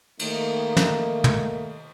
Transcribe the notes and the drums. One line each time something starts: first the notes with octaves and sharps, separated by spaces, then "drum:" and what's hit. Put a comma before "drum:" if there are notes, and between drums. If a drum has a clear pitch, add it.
D#3 A3 A#3 D#4, drum: cymbal
drum: snare
drum: tom